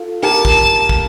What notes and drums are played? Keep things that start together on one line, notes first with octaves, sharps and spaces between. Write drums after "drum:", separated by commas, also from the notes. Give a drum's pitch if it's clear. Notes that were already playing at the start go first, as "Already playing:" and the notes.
Already playing: F4 A4
G4 A#4 A5
drum: kick
drum: kick